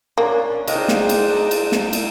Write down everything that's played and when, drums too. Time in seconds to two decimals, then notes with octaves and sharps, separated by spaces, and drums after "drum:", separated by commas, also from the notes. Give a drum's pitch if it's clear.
0.18 A#3 C#4 D4
0.67 G#3 C4 D4 D#4 F4, drum: cymbal
0.88 drum: snare
1.09 drum: cymbal
1.51 drum: cymbal
1.72 drum: snare
1.93 drum: cymbal